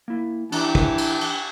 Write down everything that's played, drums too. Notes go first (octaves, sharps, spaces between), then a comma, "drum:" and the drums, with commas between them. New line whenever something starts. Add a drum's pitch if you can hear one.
A#3 E4
E3 D4 G4 A5 A#5, drum: cymbal
drum: kick
drum: cymbal
drum: cymbal